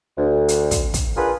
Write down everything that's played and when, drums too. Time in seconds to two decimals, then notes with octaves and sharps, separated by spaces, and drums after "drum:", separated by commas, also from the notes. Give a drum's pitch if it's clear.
0.18 D2
0.48 drum: hi-hat
0.71 drum: kick, hi-hat
0.94 drum: kick, hi-hat
1.16 D4 F4 G#4 A#4 B4